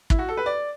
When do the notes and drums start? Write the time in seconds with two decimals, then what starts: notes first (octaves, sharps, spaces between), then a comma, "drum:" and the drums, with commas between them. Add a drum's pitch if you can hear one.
0.10 E4, drum: kick
0.19 F#4
0.28 A4
0.37 B4
0.46 D5